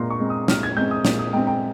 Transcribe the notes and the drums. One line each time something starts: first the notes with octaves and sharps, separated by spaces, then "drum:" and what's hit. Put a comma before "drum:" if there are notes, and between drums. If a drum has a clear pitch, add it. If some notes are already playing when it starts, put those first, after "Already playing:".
Already playing: A#2 G#3 C4 A#5 C6
C#6
G#3 C4
D#6
A#2 F6, drum: snare
G#6
G#3 C4 G6
D#6
A#2, drum: snare
D#6
G#3 C4 G5
G5